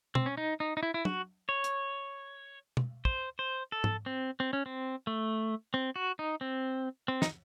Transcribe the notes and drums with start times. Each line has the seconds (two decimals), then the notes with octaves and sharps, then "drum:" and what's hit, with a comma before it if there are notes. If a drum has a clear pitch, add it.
0.15 C4, drum: tom
0.26 C#4
0.37 D#4
0.60 D#4
0.77 D#4
0.83 E4
0.94 E4
1.05 F#4, drum: tom
1.49 C#5
1.64 drum: hi-hat
2.77 drum: tom
3.05 C5, drum: kick
3.39 C5
3.72 A4
3.84 drum: tom G#2
4.06 C4
4.40 C4
4.53 C#4
4.66 C4
5.07 A3
5.74 C4
5.96 F#4
6.19 D#4
6.41 C4
7.08 C4
7.22 D#4, drum: snare